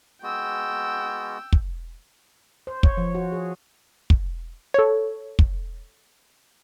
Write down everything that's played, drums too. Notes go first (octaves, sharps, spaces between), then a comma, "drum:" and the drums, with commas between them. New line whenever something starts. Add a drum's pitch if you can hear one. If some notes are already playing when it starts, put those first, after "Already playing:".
G#3 B3 F#4 G5 E6
drum: kick
C5
C#5, drum: kick
F3
F#4
G#4
drum: kick
A4 C#5
drum: kick